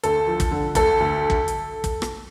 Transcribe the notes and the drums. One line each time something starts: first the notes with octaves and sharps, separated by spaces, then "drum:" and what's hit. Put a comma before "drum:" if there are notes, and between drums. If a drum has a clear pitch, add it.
D2 A4, drum: hi-hat
F3
drum: kick, hi-hat
D3
D2 A4, drum: kick, hi-hat
D2
drum: kick
drum: hi-hat
drum: kick, hi-hat
drum: rim click